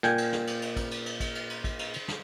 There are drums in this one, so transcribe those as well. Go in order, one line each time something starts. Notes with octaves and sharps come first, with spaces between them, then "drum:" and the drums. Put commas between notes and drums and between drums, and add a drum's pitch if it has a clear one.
A#2 G5 G#5, drum: snare
drum: cymbal
drum: snare
drum: cymbal
drum: cymbal
drum: kick, cymbal
drum: cymbal
drum: cymbal
drum: kick, cymbal
drum: cymbal
drum: cymbal
drum: kick, cymbal
drum: cymbal
drum: cymbal
drum: snare